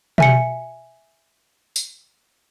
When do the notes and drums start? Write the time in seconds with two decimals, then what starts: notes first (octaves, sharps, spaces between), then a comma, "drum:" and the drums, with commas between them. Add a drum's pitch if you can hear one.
0.18 E5 G#5 C#7, drum: tom B2
1.76 drum: tambourine